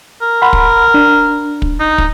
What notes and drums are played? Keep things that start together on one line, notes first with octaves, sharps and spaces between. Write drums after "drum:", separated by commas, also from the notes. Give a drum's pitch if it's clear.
A#4
F#5 B5 C6
drum: kick
D4
drum: kick
D#4
drum: kick